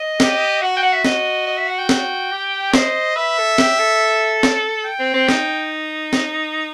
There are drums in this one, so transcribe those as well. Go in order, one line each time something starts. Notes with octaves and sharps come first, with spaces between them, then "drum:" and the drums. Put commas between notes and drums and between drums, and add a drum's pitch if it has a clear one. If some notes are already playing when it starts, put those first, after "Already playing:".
Already playing: D#5
G4, drum: snare
F#4 F#5
G5
F#5
E5
F#4 D#5, drum: snare
D#5
E5
F#5
G5
F#4, drum: snare
G4
C5 D#5, drum: snare
B4 E5
A4
G4, drum: snare
A4
drum: snare
G5
C4
C4
D#4, drum: snare
drum: snare